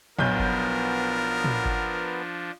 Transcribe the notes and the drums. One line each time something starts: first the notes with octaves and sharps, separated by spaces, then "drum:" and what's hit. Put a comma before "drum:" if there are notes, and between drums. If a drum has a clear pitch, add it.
B1 F3 B3 D4 A#4 G6, drum: tom
drum: kick G1
drum: tom
drum: kick G1